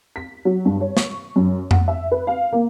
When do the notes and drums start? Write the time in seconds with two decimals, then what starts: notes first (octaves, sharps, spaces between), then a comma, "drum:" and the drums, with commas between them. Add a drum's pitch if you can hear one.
0.16 B6
0.45 F#3
0.65 G2
0.81 C#5
0.97 C#6, drum: snare
1.36 F#2
1.71 F#5, drum: tom F2
1.88 E5
2.12 B4
2.27 F5
2.52 A#3